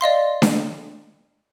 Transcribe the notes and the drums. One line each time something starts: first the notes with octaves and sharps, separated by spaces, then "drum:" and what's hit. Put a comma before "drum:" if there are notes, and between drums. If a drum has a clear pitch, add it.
D5 D#5 F5 C6
drum: snare D4